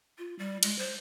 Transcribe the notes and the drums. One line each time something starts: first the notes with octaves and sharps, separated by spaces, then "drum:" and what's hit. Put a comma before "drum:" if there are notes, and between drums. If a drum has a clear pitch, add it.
F4
G3
G#3, drum: cymbal
C5